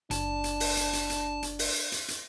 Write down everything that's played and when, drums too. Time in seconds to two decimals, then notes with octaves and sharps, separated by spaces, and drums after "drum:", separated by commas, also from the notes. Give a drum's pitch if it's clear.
0.11 F#1 D4 A5, drum: hi-hat
0.44 drum: hi-hat
0.60 drum: open hi-hat
0.77 drum: hi-hat
0.93 drum: hi-hat
1.10 drum: hi-hat
1.43 drum: hi-hat
1.59 drum: open hi-hat
1.92 drum: hi-hat
2.08 drum: hi-hat